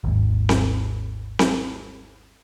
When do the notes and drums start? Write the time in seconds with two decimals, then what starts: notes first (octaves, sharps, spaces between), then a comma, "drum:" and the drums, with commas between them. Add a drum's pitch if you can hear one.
0.04 G#1 D#2 G#2
0.49 drum: snare C4
1.39 drum: snare C4